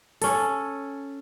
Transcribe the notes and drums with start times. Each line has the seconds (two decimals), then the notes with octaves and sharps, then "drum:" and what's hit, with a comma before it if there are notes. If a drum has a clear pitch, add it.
0.21 C#4 A4, drum: open hi-hat